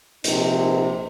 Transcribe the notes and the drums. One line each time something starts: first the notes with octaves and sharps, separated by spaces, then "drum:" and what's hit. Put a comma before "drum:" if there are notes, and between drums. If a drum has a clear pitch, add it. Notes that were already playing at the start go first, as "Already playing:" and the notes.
A#1 C3 D#4, drum: hi-hat